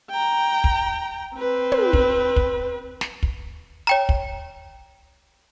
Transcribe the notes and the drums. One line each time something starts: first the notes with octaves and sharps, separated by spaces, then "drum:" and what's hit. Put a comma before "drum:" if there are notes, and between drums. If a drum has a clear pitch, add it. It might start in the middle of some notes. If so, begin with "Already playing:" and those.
G5 A#5
drum: kick
C4 B4
drum: tom
drum: kick
drum: kick
drum: snare
drum: kick
C#5 G5 A#5
drum: kick